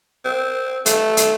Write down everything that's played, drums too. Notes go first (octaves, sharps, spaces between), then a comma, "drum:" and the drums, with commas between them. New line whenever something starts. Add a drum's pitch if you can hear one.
C4
A3, drum: hi-hat
drum: hi-hat